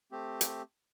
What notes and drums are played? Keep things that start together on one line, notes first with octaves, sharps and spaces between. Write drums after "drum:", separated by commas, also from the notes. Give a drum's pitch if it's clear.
A3 C4 G4
drum: hi-hat